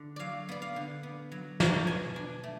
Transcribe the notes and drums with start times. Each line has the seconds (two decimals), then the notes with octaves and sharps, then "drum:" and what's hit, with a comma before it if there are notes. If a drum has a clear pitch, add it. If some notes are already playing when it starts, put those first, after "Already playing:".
Already playing: D3
0.16 F#3 D5 F5
0.49 B3 D5
0.62 F5
0.76 D3
1.03 B3
1.32 F#3
1.60 F#3, drum: snare
1.87 B2 G#5
2.16 D4
2.44 A3